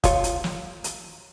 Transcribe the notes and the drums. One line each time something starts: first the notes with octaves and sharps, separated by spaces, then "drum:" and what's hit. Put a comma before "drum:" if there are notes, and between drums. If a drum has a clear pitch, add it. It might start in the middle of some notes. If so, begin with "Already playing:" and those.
F4 C#5, drum: kick, hi-hat
drum: hi-hat
drum: snare
drum: hi-hat